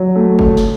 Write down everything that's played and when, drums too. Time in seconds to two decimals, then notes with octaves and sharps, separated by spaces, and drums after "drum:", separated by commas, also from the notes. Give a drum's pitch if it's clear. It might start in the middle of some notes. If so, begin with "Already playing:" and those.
Already playing: F#3
0.16 A3
0.39 A3, drum: kick F#1
0.57 drum: snare